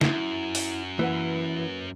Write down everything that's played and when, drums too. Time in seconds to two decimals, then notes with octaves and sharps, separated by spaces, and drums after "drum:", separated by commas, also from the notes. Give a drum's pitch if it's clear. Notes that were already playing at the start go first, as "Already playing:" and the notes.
0.01 F#2 E4, drum: snare
0.55 drum: open hi-hat
0.99 E3 A#3 B4 F#5